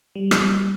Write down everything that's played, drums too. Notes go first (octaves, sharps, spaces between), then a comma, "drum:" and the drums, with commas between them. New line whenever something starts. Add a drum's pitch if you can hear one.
G3
drum: rim click